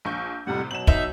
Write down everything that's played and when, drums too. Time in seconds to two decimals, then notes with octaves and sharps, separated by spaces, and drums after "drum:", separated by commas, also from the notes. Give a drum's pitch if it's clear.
0.05 A#1 C#6 G6
0.47 F2 A2 C3 G3 F#5
0.71 B2 F#3 E7 F#7
0.87 D#4 E5, drum: kick